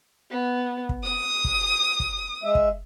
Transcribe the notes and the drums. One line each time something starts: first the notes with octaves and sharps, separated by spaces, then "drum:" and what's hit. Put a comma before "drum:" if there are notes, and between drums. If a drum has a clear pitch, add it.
B3
drum: kick
D#6
drum: kick
drum: kick
G#3 E5
drum: kick